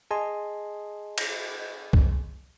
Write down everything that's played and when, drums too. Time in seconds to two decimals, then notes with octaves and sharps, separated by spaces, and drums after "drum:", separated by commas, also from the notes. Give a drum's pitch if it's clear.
0.11 G#4 D#5 G#5 A5 C6
1.18 drum: cymbal
1.93 drum: kick C2